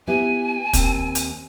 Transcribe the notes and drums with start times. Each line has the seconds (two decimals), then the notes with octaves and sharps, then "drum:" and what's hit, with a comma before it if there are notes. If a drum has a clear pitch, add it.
0.07 B3 E4 G4 G#5
0.73 D#2 C4 A5, drum: kick, hi-hat
1.15 drum: hi-hat